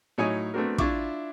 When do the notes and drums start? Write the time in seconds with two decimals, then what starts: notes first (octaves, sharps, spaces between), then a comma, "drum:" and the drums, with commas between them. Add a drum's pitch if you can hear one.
0.18 A2 F#3 D#4 C#5 G#5 D#6
0.54 A3 B3 C4 D4 F#4 A#4
0.78 D4 E4 F4 E5 C#6 D6, drum: kick